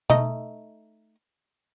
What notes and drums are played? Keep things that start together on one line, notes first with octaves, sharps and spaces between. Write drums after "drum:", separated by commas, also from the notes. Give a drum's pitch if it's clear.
A3 D#4 D#5, drum: tom B2